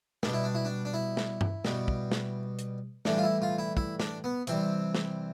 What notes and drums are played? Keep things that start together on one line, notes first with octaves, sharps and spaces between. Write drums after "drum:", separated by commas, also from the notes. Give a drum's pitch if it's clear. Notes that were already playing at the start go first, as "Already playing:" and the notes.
B2 G3 D4, drum: snare
E4
D4
E4
D4
D4
E4
drum: snare
drum: tom G2
B2 G3, drum: snare
drum: kick
drum: snare
drum: hi-hat
A2 E3 G3 D4, drum: snare
F4
E4
F4
E4
E4, drum: kick
D4, drum: snare
B3
C3 E3 G3 C4, drum: hi-hat
drum: snare